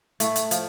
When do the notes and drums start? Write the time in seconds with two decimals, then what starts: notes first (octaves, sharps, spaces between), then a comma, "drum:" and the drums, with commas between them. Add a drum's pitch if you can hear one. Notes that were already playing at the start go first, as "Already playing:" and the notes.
0.20 A2 A3, drum: hi-hat
0.36 drum: hi-hat
0.51 F3, drum: hi-hat